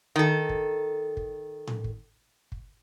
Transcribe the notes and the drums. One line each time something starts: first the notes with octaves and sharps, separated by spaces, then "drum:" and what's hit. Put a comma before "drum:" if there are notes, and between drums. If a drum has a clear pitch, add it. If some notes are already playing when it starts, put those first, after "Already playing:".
D#3 A4
drum: kick
drum: kick
drum: tom A2
drum: kick
drum: kick